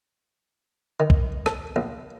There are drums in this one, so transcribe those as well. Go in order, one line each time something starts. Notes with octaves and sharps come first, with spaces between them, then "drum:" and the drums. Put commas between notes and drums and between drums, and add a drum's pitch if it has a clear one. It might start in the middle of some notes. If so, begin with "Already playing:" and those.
D#3
drum: kick B1
A4, drum: rim click
A#1